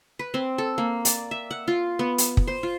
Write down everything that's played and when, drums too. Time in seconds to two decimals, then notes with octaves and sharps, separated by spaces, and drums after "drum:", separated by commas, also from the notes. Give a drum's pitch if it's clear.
0.19 B4
0.34 C4
0.58 A4
0.78 A#3
1.05 D5, drum: hi-hat
1.31 E5
1.51 F#5
1.68 F4
1.99 B3
2.18 drum: hi-hat
2.37 drum: kick
2.47 C5
2.63 F4